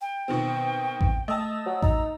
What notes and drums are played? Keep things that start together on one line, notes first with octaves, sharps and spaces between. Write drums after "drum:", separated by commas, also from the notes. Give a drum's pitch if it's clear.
G5
B2 D#3 C4
drum: kick A1
A3 D#5 A5 E6
F#3
D#4 A#5, drum: kick A1